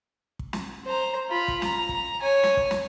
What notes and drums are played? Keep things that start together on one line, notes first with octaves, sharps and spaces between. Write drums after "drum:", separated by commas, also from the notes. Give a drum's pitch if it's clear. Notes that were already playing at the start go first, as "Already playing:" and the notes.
drum: kick
drum: snare
C5 A#5
F4 B5
drum: kick
A#5, drum: snare
drum: kick
C#5 G#5
drum: snare
drum: kick
drum: snare